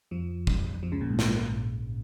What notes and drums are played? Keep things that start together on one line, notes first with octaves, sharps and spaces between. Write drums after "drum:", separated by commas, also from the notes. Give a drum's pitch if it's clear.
F2 F3
drum: kick
F2 F3
C#2 C#3
A#1 A#2
G#2
drum: snare